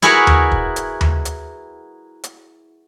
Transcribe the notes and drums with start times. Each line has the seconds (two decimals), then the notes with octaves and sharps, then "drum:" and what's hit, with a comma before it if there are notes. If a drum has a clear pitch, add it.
0.02 E4 F#4 G#4 A#4 B4 C#5
0.27 drum: tom D#2
0.52 drum: kick
0.76 drum: hi-hat
1.01 drum: tom D#2
1.25 drum: hi-hat
2.24 drum: hi-hat